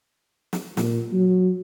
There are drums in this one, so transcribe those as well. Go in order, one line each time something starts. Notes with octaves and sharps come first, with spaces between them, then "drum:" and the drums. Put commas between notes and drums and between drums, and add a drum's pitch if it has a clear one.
drum: snare
A#2, drum: snare
F#3